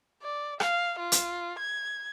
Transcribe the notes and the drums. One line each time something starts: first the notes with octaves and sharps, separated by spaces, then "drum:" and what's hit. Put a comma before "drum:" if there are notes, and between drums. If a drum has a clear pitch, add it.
D5
F5, drum: rim click
F4
drum: hi-hat
G#6